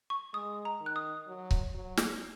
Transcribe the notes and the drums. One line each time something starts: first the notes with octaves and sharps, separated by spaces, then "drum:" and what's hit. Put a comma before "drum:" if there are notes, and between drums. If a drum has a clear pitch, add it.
C#6
G#3 D#6
A#5
D#3
F#6
D#6
F#3
drum: kick C#1
F#3
drum: snare